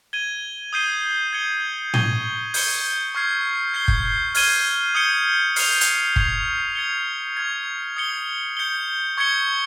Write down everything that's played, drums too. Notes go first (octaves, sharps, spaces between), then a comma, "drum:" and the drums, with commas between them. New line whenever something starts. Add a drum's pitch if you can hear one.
G#6 D#7 G7
D#6 G6 C7 D#7 G7
G#6 C#7 G7
C#6 G#6 D#7 G7, drum: tom A2
G6 C#7 G7, drum: open hi-hat
C#6 F6 G#6 C7
G6 C7 G7
drum: kick
F6 G#6 D#7 G7, drum: open hi-hat
D#6 G6 C#7 G7
F6 C7 F7, drum: open hi-hat
drum: hi-hat
C#6 G#6 C7 F7, drum: kick
G#6 C#7 G7
C#6 F6 G#6
D#6 G#6 C#7 G7
G6 C#7 G7
C#6 G#6 C#7 G7